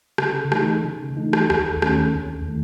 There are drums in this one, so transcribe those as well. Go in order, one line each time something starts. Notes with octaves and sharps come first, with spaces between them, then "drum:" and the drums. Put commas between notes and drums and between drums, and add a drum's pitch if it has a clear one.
C#3, drum: rim click
E3 A3 D#4, drum: rim click
C#3
E3 A3 D#4
drum: rim click
D#2, drum: rim click
D#3 A3 C#4, drum: rim click
D#2
D#3 A3